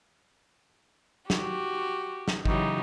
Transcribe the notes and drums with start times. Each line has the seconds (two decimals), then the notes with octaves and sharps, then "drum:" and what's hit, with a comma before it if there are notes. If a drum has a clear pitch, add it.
1.30 F#4 G4, drum: snare
2.28 drum: snare
2.45 C#3 E3 F#3 D#4 F#4 G4, drum: kick G#1